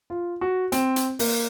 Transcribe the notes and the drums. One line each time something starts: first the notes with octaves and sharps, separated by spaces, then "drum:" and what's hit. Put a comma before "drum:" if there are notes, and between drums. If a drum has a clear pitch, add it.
F4
F#4
C4, drum: hi-hat
drum: hi-hat
A#3, drum: open hi-hat